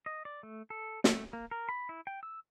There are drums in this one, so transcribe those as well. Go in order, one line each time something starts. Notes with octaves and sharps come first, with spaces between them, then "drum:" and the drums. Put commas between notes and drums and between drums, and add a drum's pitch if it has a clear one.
D#5
D5
A3
A4
A3, drum: snare
A#3
A#4
B5
E4
G5
E6